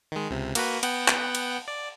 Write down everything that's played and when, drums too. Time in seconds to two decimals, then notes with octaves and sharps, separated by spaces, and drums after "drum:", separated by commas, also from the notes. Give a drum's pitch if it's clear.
0.12 D#3 G#3
0.31 C#2 C3
0.55 A#3 F#4 B4, drum: cymbal
0.83 B3 F#5 G5, drum: cymbal
1.08 drum: clap
1.35 drum: cymbal
1.68 D5